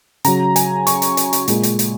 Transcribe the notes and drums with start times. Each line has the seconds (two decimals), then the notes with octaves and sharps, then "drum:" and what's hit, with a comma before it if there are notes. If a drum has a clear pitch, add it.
0.24 C#3 F#3 A#5, drum: hi-hat
0.56 G#5, drum: hi-hat
0.87 C#6, drum: hi-hat
1.02 drum: hi-hat
1.17 drum: hi-hat
1.33 drum: hi-hat
1.48 A#2 G#3, drum: hi-hat
1.63 drum: hi-hat
1.79 drum: hi-hat